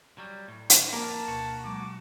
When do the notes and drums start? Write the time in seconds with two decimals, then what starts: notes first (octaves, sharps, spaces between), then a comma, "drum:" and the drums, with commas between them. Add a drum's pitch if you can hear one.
0.18 F#3 G3
0.48 A2
0.70 drum: hi-hat
0.93 F2 A#3 A#4 A5
1.28 D2 B2 F#4
1.65 F#3 G#3 D6